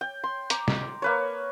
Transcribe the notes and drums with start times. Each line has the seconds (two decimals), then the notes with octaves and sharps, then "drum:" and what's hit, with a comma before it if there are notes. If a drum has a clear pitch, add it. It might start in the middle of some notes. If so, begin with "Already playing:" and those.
0.01 G5
0.24 C6
0.50 A#5 D6, drum: hi-hat
0.68 drum: snare
1.02 A#3 B4 C#5